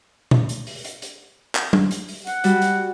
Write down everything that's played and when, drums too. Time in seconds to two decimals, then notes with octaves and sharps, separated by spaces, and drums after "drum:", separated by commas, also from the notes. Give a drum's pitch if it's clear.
0.31 drum: tom
0.49 drum: hi-hat
0.67 drum: open hi-hat
0.84 drum: hi-hat
1.02 drum: hi-hat
1.55 drum: clap
1.73 drum: tom F#3
1.91 drum: hi-hat
2.08 drum: open hi-hat
2.27 F#5, drum: hi-hat
2.44 G3 F#4, drum: hi-hat
2.62 drum: hi-hat